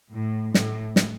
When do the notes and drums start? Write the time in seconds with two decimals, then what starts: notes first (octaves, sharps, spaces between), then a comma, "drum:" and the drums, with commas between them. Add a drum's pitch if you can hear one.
0.14 A2
0.54 A2, drum: snare
0.96 drum: snare